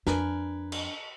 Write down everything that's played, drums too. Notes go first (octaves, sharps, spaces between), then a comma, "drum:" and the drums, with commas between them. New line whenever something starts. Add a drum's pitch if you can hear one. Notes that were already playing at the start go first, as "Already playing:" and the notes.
F2 D4 A#4 B4 G#5, drum: snare
drum: cymbal